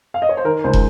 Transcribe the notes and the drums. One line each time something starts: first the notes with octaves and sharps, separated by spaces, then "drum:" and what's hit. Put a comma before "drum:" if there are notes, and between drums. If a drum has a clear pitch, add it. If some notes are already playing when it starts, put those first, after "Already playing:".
F5
D#5
C#5
C5
D#3 A#4
C#2 C5
drum: kick